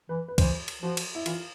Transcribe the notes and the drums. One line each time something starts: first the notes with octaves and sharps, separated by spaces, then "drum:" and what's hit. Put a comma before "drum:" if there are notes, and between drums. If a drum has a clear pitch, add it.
E3 B4
B4
E3 C5, drum: kick, cymbal
drum: cymbal
F3 F#4
drum: cymbal
E4
E3 F4, drum: cymbal